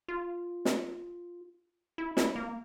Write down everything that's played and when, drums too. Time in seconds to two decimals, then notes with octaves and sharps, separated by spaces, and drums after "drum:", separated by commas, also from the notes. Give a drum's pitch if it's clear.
0.08 F4
0.65 drum: snare
1.98 E4
2.17 E4, drum: snare
2.36 A#3